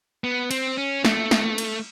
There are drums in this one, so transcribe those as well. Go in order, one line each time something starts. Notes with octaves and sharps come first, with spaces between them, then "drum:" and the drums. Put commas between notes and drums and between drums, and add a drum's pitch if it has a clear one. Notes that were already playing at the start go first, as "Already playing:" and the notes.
B3
C4, drum: cymbal
C#4
A3, drum: snare
drum: snare
drum: cymbal